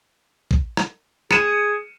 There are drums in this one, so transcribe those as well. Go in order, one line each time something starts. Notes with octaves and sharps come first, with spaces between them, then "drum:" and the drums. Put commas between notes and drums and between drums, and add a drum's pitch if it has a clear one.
drum: kick A1
drum: rim click
G#4 C#7 D#7 E7, drum: rim click